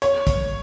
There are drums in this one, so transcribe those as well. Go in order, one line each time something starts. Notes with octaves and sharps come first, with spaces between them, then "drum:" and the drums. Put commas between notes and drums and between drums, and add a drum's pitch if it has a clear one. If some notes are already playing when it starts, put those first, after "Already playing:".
C#5, drum: hi-hat
drum: kick, hi-hat